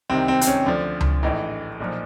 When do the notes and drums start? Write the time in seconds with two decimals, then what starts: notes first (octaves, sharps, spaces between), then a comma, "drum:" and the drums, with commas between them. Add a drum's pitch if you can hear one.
0.10 C2 C3 D#3 C4
0.28 C4
0.41 C4, drum: hi-hat
0.47 C#4
0.66 D2 D3 F3 D4
1.01 drum: tom C#2
1.23 A#1 A2 E3 D#4
1.80 B1 A#2 F3